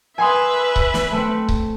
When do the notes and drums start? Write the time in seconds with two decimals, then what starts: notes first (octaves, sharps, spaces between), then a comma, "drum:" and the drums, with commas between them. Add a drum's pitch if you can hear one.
0.18 B4 E5 G#5 C6 D#6
0.76 drum: kick C#1
0.94 drum: snare
1.12 A3 C4
1.49 drum: kick C#1